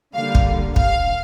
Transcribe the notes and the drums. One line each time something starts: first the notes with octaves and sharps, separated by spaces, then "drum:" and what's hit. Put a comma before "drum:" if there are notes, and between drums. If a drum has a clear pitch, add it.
D3 G3 A#3 F5
drum: kick
F5, drum: kick